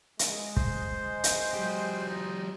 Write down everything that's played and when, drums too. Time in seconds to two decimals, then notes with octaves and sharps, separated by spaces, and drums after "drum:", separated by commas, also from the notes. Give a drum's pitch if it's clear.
0.19 G#3, drum: hi-hat
0.57 C5, drum: kick
1.24 drum: hi-hat
1.54 F#3 G4
2.09 D#4